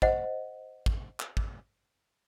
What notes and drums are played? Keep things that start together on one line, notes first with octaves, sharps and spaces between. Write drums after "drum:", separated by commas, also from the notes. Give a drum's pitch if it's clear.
C5 D#5 F#5, drum: kick
drum: kick
drum: clap
drum: kick